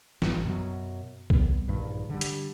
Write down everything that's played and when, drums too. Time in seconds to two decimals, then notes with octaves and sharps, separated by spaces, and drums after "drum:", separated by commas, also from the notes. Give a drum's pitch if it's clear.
0.22 A1 G2 B2, drum: snare
0.44 F#2 B2 F#3
1.30 G3 B3, drum: kick
1.68 A#1 G2 D#3
2.09 D3 G3
2.21 drum: hi-hat